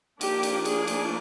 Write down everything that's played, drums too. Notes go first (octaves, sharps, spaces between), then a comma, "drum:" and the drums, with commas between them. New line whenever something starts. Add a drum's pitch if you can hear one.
F3 A#3 D4 G4, drum: cymbal
drum: cymbal
G#4, drum: cymbal
drum: cymbal